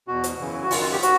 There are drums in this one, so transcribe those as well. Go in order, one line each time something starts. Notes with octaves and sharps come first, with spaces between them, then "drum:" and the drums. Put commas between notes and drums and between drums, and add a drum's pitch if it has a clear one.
E2 B2 F#4
drum: hi-hat
F#2 C#3 E3
F#4
F#2 D#3 F4, drum: open hi-hat
F4
G4
F#4, drum: hi-hat